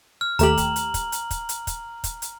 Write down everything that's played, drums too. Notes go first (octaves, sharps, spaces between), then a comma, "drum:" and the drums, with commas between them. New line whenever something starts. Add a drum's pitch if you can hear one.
F6
D#2 A3 G4 A#5 F#7, drum: hi-hat
drum: kick, hi-hat
drum: hi-hat
drum: kick, hi-hat
drum: hi-hat
drum: kick, hi-hat
drum: hi-hat
drum: kick, hi-hat
drum: kick, hi-hat
drum: hi-hat